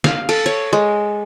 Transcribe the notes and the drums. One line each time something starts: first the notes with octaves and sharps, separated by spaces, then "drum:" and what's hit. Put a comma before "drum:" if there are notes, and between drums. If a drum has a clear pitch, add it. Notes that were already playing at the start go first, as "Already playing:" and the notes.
F5, drum: snare
A4, drum: cymbal
C#5
G#3